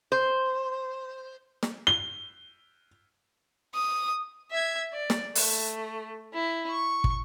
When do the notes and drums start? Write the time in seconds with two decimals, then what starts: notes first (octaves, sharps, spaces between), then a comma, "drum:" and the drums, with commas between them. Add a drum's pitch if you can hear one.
0.12 C5
1.63 drum: snare
1.87 G7
3.75 D#6
4.51 E5 G#6
4.92 D5
5.10 drum: snare
5.35 A3, drum: open hi-hat
6.34 E4
6.70 C#6
7.04 drum: kick